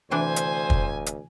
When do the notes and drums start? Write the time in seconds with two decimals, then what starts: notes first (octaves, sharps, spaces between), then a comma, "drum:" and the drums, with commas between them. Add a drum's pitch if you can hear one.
0.11 D2 C3 E3 D4 C5 G#5
0.36 drum: hi-hat
0.70 drum: kick
1.06 drum: hi-hat